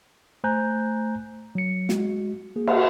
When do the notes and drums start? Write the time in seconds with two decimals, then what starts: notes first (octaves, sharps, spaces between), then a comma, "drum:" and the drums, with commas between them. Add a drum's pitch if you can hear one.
0.44 A3 C5 G#5 A#5 F#6 G6
1.55 F#3 C#7
1.89 G#3 F#4, drum: snare
2.56 A#3 G#4
2.67 drum: cymbal